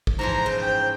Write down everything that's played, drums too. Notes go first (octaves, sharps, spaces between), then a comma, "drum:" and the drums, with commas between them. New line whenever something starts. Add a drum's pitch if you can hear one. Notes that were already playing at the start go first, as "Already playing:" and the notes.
drum: kick
G#2 E3 F3 C5 A#5
C#3
G5